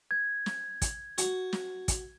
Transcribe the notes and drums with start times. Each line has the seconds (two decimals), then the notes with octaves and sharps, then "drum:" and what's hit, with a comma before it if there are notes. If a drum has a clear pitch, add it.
0.11 G#6
0.46 drum: snare
0.82 drum: kick, hi-hat
1.18 F#4, drum: hi-hat
1.53 drum: snare
1.88 drum: kick, hi-hat